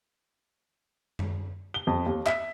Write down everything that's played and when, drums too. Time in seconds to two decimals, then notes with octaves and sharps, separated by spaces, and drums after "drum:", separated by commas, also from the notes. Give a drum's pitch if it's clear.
1.19 drum: tom F#2
1.74 G7
1.87 F2
2.06 D#2
2.26 E5, drum: clap